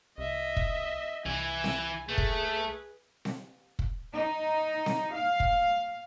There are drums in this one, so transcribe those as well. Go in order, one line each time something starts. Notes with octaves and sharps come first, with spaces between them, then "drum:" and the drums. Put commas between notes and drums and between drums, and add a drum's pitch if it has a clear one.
C2 D#5 E5
drum: kick
C2 E3 E4 G#5
drum: snare C4
A3 G#4 B4
drum: kick
drum: snare C4
drum: kick
D#4
drum: snare C4
F5
drum: kick